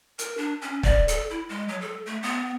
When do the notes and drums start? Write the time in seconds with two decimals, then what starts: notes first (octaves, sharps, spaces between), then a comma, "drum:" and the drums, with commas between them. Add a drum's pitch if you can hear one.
0.19 A#4, drum: hi-hat
0.37 D4
0.62 C#4
0.83 D5, drum: kick
1.08 A4, drum: hi-hat
1.30 E4
1.49 G#3
1.68 F#3
1.81 A4
2.06 A3
2.23 B3